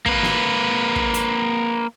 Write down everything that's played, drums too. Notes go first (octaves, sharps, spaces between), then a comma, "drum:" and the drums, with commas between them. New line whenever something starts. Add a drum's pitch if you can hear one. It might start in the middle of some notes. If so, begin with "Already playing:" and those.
A#3 B4, drum: kick
drum: snare
drum: kick
drum: hi-hat